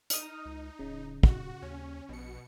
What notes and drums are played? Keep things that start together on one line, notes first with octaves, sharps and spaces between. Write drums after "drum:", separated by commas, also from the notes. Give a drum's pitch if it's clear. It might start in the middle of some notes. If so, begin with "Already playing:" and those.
D#4 D#6 F6, drum: hi-hat
C#2
D1 C#3
F#4, drum: kick
D#2 C#4
A#1 B2 C#7